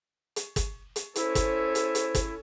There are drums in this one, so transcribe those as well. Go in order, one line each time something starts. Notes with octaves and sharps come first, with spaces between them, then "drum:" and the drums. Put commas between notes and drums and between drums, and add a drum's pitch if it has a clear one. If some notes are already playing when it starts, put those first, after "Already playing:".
drum: hi-hat
drum: kick G1, hi-hat
drum: hi-hat
C#4 E4 A4 C5, drum: hi-hat
drum: kick G1, hi-hat
drum: hi-hat
drum: hi-hat
drum: kick G1, hi-hat